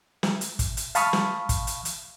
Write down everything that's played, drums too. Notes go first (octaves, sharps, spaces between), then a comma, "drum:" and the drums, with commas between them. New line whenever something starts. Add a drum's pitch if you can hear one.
drum: snare
drum: hi-hat
drum: kick, hi-hat
drum: hi-hat
F5 A5 B5 C#6 D#6 F6, drum: hi-hat
drum: snare
drum: kick, hi-hat
drum: hi-hat
drum: hi-hat